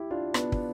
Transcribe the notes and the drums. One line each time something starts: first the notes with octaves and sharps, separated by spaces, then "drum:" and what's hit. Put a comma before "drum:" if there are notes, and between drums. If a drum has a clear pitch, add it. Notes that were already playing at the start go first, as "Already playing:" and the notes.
Already playing: E4 G4
D4 F4
B3 D4, drum: rim click
drum: kick